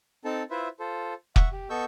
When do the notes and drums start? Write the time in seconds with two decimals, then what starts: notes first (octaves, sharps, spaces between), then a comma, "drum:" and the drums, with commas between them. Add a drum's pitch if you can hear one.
0.25 C4 D#4 A4 A5
0.50 E4 F4 B4 C5 E5
0.80 F4 A4 C5
1.36 E5 F#5 C#6, drum: kick
1.52 G4
1.70 B3 A4 D#5 C#6 E6 G6